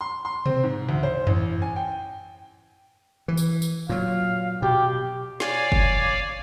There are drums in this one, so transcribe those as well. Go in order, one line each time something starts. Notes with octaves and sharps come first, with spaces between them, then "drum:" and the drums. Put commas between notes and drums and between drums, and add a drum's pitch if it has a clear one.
C6
C6
C4, drum: tom B2
G#2
D2
C5
A1, drum: tom F2
G#5
G5
E3
drum: tambourine
drum: tambourine
A#2 F#3 F5
B2 G4
C#5 D5 F5 G#5 D6, drum: snare
drum: kick F#1